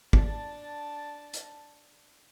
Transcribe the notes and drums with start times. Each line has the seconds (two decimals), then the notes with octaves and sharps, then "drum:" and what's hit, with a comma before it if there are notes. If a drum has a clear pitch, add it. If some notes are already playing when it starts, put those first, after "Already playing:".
0.13 D4 A5, drum: kick
1.33 drum: hi-hat